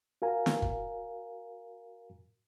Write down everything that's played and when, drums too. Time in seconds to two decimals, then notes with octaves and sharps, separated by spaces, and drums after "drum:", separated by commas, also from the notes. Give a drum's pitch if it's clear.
0.22 F#4 A#4 F5 G#5 A#5
0.46 drum: snare
0.62 drum: kick